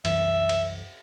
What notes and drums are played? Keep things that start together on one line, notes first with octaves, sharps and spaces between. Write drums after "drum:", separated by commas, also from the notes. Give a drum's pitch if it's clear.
C2 F#2 E3 E5, drum: cymbal
drum: cymbal